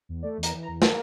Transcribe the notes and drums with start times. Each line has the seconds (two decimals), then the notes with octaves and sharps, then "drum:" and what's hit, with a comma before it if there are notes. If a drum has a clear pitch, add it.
0.09 E2
0.22 A3 D5
0.38 E2
0.43 A#5, drum: hi-hat
0.53 E3
0.63 A#5
0.68 E2
0.82 A#3 A5, drum: snare